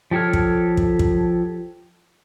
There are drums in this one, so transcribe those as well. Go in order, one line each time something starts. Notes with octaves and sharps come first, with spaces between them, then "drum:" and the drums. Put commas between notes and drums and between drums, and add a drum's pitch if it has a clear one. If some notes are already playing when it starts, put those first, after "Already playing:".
F3 G4 A4 C#5 F6
drum: kick
drum: kick
drum: kick